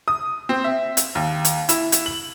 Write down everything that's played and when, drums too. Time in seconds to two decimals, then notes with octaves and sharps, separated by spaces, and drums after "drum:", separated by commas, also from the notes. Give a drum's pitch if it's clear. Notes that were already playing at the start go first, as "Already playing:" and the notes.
0.08 D#6
0.49 C4
0.64 E5
0.97 drum: hi-hat
1.15 D#2
1.45 drum: hi-hat
1.69 E4, drum: hi-hat
1.92 drum: hi-hat
2.06 F#7